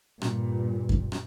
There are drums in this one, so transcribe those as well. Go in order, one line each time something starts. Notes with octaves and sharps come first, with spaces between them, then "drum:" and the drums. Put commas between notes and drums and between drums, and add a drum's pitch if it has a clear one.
G2 A#2, drum: rim click
drum: kick F#2
drum: rim click